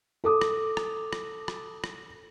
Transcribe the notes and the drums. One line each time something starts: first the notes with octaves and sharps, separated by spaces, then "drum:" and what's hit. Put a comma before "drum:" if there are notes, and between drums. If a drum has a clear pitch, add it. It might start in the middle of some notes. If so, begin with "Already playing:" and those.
A4 D6 D#6
drum: rim click
drum: rim click
drum: rim click
drum: rim click
drum: rim click